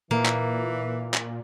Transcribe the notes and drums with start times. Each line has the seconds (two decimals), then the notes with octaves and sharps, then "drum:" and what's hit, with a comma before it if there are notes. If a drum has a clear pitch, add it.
0.11 A#2 E3 A#3
0.26 drum: clap
1.14 drum: clap